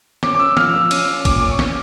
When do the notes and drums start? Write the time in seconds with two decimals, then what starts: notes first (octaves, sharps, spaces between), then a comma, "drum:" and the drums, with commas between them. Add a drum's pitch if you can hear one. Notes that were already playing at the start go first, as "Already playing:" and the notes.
0.23 C#4 D6, drum: snare
0.35 D6
0.39 C#4 E6
0.57 F3 F6, drum: snare
0.74 F3 E6
0.91 C#4, drum: cymbal
1.08 C#4
1.25 A#2 D6, drum: kick, cymbal
1.40 C#4 D6
1.51 C#6
1.59 C#4, drum: snare